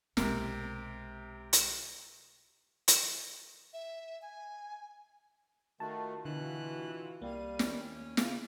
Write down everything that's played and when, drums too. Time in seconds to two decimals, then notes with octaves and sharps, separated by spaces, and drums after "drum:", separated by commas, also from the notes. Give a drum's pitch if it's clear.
0.17 B1 C3 G#3 A#4, drum: snare
1.53 drum: hi-hat
2.88 drum: hi-hat
3.73 E5
4.22 G#5
5.80 D#3 A3 F4 F#4 A5
6.25 B2 D3 E3 F#6
7.22 C2 G3 A#3 F5 D#7
7.59 D#2 C#4, drum: snare
8.17 C#3 F4, drum: snare